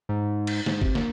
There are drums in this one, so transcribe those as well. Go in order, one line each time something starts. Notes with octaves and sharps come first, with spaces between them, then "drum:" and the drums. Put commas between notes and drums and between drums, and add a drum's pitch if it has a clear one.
G#2
drum: cymbal
G#2, drum: snare
C3, drum: kick
A#2, drum: snare